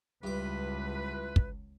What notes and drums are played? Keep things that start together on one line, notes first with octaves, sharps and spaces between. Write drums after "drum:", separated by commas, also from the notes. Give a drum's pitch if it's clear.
C#2 G2 E4 F4 B4 D6
drum: kick